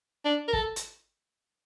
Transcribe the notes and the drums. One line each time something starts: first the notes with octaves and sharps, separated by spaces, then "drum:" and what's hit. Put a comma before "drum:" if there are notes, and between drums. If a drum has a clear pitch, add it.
D4
A#4
A4, drum: kick
drum: hi-hat